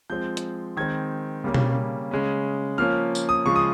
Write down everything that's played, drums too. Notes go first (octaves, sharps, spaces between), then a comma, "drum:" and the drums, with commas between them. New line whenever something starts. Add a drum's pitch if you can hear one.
F3 G#3 C4 G6
drum: hi-hat
D#3 G#3 C4 G#6
C#3 G3 A#3 C#4
drum: tom B2
C#3 G#3 C#4
F3 A#3 C#4 F6
drum: tambourine
D#6
C#3 F3 G#3 C#4 C#6
D#6